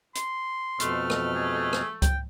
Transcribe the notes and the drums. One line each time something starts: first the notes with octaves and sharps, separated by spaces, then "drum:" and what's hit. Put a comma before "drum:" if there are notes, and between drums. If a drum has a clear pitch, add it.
C6, drum: hi-hat
F2 B2 A3 F6, drum: hi-hat
drum: rim click
G#4
drum: rim click
G5, drum: kick C#2, hi-hat